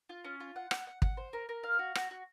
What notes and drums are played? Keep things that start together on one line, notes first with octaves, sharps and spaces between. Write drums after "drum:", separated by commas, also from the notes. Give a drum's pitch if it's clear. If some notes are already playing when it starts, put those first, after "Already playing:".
F4
C#4
F4
F#5
F#5, drum: rim click
F#5
F#5, drum: kick
C5
A#4
A#4
F5
F#4
F#4, drum: rim click
F#4